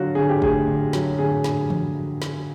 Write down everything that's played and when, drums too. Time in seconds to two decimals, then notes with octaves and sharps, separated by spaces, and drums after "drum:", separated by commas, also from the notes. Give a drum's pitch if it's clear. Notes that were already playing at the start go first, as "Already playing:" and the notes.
Already playing: D3 F#3 F4 F#4
0.15 D3 G#4
0.29 G4
0.42 A3 G#4, drum: kick F#1
0.67 D3
0.93 F#3, drum: snare
1.18 D3 G#4
1.44 drum: snare
1.70 drum: tom E3
2.22 drum: snare